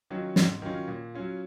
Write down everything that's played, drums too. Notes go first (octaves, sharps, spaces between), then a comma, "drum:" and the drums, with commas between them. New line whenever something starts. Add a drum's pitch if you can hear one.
D#3 F#3 C#4 F4
G#2, drum: snare
D#3 F#3 C#4 F4
A#2
F#3 C#4 F4